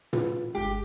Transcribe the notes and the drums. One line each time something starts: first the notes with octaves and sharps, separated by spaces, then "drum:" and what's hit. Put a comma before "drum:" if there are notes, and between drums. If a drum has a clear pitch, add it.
F4 B4, drum: tom
G1 G#3 G4